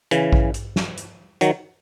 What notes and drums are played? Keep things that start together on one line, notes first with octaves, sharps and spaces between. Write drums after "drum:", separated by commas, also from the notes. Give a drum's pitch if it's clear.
C#3 E3, drum: hi-hat
drum: kick A1
drum: hi-hat
drum: snare
drum: hi-hat
D#3 F#3, drum: hi-hat